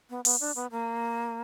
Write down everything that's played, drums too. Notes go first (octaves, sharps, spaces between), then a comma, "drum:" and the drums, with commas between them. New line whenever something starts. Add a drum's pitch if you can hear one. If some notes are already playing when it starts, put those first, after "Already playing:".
B3
B3, drum: open hi-hat
D4
B3
A#3